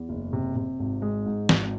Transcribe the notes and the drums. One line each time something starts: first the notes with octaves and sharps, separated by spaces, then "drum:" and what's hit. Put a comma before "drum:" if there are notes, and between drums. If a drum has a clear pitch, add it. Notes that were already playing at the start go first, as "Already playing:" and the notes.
Already playing: E2
F#1
C3
C3
G#1
G#3
G#2
G#1, drum: snare